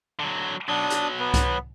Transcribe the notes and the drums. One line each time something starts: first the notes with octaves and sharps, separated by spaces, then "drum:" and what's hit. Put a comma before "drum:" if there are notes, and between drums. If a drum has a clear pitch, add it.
D3 F#3
B2 F#3 D4 D#6
drum: hi-hat
B3
drum: kick C2, hi-hat